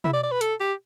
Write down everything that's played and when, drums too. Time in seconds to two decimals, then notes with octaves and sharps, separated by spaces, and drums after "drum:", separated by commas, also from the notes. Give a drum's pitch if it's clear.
0.04 E4, drum: tom
0.13 D5
0.23 D5
0.32 B4
0.41 A4, drum: hi-hat
0.60 G4